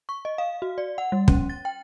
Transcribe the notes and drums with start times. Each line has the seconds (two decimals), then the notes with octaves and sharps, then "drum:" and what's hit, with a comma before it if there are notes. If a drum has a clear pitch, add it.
0.09 C#6
0.25 D#5
0.38 F5
0.62 F#4
0.78 D5
0.98 F#5
1.12 G3
1.28 C#4, drum: kick
1.50 A6
1.65 G5